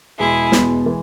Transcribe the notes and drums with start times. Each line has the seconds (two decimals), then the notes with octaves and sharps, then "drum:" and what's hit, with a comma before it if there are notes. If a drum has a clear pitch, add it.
0.19 E2 B2 G#3 E4 G#4
0.52 E2 B2 G#3, drum: snare
0.86 E3 G#3